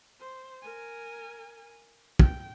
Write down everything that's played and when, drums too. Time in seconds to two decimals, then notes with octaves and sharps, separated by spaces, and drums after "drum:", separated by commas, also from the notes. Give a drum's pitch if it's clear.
0.19 C5
0.62 A#4 G#5
2.19 G5, drum: kick